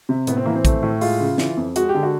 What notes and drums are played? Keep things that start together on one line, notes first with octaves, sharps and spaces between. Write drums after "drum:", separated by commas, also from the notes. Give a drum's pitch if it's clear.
C3
A2 B3, drum: hi-hat
C4
E3 A#3
C4
A3, drum: kick A#1, hi-hat
A2
G#3 F4, drum: open hi-hat
C#3
E3, drum: snare
F2
G#3 F#4, drum: hi-hat
G4
D3
F#4